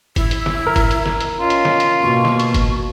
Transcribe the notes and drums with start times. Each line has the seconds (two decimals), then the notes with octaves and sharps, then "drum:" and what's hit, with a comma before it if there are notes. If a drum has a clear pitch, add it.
0.16 E4, drum: kick G1, hi-hat
0.31 drum: hi-hat
0.46 drum: snare
0.67 A#4
0.76 drum: kick G1, hi-hat
0.91 drum: hi-hat
1.06 drum: snare
1.20 drum: hi-hat
1.40 C#4 F4 D#5
1.50 drum: hi-hat
1.65 drum: snare
1.80 drum: hi-hat
2.02 B2 A#3 C#6
2.25 drum: snare
2.40 drum: hi-hat
2.54 drum: kick G1, hi-hat